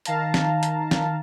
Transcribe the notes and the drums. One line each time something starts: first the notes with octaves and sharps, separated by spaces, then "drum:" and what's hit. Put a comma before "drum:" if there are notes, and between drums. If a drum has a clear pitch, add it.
D#3 F5 A5 A#5, drum: hi-hat
drum: snare
drum: hi-hat
drum: snare